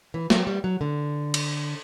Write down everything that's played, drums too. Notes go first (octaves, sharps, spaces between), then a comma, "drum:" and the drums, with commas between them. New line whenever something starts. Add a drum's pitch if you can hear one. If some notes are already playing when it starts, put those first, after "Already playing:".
E3
F#3, drum: snare
G3
F#3
D3
drum: cymbal